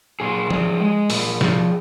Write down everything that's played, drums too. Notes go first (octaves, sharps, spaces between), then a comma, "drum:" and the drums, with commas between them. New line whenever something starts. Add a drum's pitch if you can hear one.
A#2 G#4
F3 G#4, drum: tom
G#3
A#2, drum: open hi-hat
F3, drum: snare